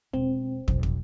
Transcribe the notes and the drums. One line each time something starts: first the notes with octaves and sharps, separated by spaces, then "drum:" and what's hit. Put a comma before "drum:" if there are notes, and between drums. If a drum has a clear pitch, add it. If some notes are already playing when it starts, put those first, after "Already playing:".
E1 C4
B1, drum: kick
drum: kick